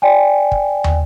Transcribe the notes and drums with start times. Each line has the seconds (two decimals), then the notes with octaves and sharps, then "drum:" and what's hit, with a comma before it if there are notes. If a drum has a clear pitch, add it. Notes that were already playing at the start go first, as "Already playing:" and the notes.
0.02 D5 G5 G#5
0.52 drum: kick
0.84 drum: tom